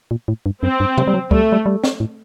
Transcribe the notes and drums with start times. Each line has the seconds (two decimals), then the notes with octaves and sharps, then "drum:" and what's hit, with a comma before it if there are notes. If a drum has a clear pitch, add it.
0.11 A#2
0.28 A2
0.46 G2
0.62 F#2 C4
0.80 G2
0.98 C3, drum: tom
1.07 G3
1.14 F#3
1.31 G3 A3, drum: kick
1.52 G3
1.66 G3
1.84 drum: snare
2.00 A2